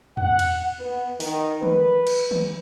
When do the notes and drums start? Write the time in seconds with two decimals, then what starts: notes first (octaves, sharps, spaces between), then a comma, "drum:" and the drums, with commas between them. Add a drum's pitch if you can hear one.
0.17 F#5, drum: tom E2
0.39 drum: cymbal
0.80 B3
1.20 D#3, drum: open hi-hat
1.62 B4, drum: tom D#3
2.07 drum: cymbal
2.31 drum: tom D#3